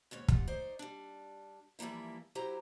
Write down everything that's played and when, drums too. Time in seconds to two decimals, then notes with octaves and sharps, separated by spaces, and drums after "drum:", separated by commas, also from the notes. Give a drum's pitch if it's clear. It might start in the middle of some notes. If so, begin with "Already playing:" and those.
0.11 D#2 G#2 C#4 C#5
0.28 G3 F4 F#5, drum: kick
0.47 D#4 C5 D5
0.79 G3 D4
1.79 E3 F3 G3 A#3 E4
2.35 F#3 E4 G4 C5 A#5